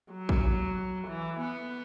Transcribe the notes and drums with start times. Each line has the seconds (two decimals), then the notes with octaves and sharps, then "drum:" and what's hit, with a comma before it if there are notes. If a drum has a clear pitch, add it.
0.12 F#3
0.29 drum: kick
1.07 E3
1.40 B3